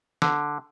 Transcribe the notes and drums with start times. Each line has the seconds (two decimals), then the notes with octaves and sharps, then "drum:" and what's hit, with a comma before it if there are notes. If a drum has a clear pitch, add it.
0.22 D3, drum: snare